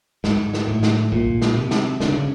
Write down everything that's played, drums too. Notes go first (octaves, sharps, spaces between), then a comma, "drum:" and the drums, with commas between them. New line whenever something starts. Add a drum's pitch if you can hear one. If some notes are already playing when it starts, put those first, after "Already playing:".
G#2, drum: snare
drum: snare
A2
drum: snare
A#2, drum: kick
drum: snare
C3
drum: snare
D3, drum: snare
C#3